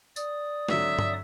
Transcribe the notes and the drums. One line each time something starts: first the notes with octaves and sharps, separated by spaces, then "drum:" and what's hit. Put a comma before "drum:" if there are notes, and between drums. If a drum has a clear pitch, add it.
D5 D#6, drum: tambourine
G#1 D3 F#3 E5, drum: snare
drum: tom G2